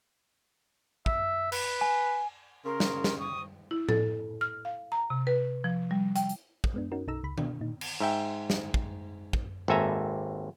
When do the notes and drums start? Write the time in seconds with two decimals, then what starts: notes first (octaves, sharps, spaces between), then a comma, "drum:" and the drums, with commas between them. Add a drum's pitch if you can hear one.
1.06 E5, drum: kick
1.52 B4, drum: cymbal
1.81 G#5
2.65 C#3 A#4 C6
2.80 drum: snare
3.04 drum: snare
3.19 C#6 D#6
3.71 E4
3.89 A4, drum: tom A2
4.41 F6
4.65 F5
4.92 A#5
5.10 C3
5.27 B4
5.64 F3
5.91 G3
6.16 G5, drum: hi-hat
6.29 drum: hi-hat
6.64 drum: kick
6.74 G#3 B3 D4
6.92 C#4 D#4 F#4 A#4
7.07 B1 D#4 A4 A#5 E6
7.24 C#2 B5
7.38 B2 D4, drum: tom D#3
7.61 A#2 D#4
7.81 drum: cymbal
8.00 G#2 E5 G5
8.50 drum: snare
8.74 drum: kick
9.33 drum: kick
9.68 G#1 D#2 A4 E5 G#5 A#5